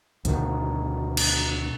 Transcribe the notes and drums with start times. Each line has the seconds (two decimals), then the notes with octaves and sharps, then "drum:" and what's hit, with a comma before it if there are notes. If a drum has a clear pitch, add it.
0.25 D2 B2 D#3, drum: hi-hat
1.17 drum: cymbal